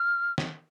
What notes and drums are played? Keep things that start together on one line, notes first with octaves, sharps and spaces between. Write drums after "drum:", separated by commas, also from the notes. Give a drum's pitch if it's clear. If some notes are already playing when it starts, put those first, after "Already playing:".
Already playing: F6
drum: snare